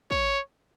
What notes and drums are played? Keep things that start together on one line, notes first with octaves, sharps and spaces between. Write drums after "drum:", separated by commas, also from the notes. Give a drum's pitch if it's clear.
C#5, drum: kick